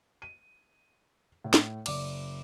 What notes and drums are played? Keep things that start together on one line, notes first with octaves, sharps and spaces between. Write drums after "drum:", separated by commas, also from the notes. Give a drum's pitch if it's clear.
D#7
A2
drum: snare
F#1 D5 D6, drum: cymbal